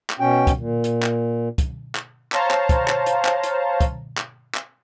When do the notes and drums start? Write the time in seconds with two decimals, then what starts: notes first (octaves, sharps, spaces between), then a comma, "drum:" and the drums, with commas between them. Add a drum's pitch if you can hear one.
0.10 drum: clap
0.20 B2 C#4 G5
0.47 drum: kick, hi-hat
0.58 A#2
0.84 drum: hi-hat
1.03 drum: clap
1.58 drum: kick, hi-hat
1.95 drum: clap
2.32 C5 C#5 F5 A5 A#5, drum: clap
2.51 drum: clap
2.69 drum: kick, hi-hat
2.88 drum: clap
3.06 drum: hi-hat
3.25 drum: clap
3.43 drum: hi-hat
3.81 drum: kick, hi-hat
4.18 drum: clap
4.55 drum: clap